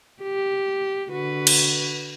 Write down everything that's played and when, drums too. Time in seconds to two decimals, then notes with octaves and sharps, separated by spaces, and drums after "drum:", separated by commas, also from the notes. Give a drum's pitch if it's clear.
0.22 G4
1.10 D3 F#4 B4
1.47 drum: cymbal